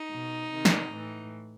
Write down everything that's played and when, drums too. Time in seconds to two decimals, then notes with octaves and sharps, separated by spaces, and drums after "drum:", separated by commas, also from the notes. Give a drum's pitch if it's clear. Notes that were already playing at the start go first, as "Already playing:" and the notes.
Already playing: D#4
0.11 B2
0.51 C3 D#3
0.65 drum: snare
0.93 A2 E3